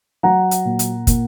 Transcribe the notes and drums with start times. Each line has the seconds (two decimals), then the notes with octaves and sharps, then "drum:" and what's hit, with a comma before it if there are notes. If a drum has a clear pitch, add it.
0.23 F#3 F#5 A#5
0.51 drum: hi-hat
0.65 A#2
0.79 drum: hi-hat
1.07 A#2, drum: kick, hi-hat